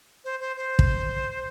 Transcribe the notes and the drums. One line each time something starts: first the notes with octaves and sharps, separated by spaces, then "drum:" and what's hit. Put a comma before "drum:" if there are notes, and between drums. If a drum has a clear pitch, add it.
C5
C5
C5
drum: kick